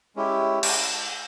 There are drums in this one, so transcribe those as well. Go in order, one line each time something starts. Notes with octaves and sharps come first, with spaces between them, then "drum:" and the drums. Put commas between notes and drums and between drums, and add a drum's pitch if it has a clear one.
G#3 C#4 E4 G4
drum: cymbal